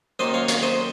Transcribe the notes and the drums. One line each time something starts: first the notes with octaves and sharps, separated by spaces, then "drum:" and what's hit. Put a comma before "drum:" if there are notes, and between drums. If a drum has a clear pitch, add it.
F#2 D#3 A#3 D#4 C5 D#5
C#5 F5
C#5 F5, drum: hi-hat
C5 D#5